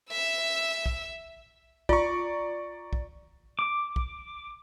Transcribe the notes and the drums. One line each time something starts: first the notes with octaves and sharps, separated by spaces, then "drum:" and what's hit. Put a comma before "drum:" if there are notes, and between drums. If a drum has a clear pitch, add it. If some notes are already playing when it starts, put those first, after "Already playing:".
E5 E6
drum: kick
F4 D5 A#5 C#6, drum: kick
drum: kick
D6
drum: kick